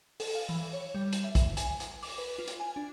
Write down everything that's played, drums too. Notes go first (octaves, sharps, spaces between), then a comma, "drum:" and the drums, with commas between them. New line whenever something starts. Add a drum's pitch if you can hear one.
A4, drum: open hi-hat
F5
E3
C#5
G3
drum: hi-hat
E5
drum: kick A#1, hi-hat
G#5, drum: hi-hat
drum: hi-hat
D6, drum: open hi-hat
B4
F4
drum: hi-hat
G#5
D4